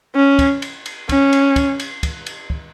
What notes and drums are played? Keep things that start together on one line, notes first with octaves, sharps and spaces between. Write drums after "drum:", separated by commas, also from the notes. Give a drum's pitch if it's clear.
C#4
drum: kick, cymbal
drum: cymbal
drum: cymbal
C#4, drum: kick, cymbal
drum: cymbal
drum: kick, cymbal
drum: cymbal
drum: kick, cymbal
drum: cymbal
drum: kick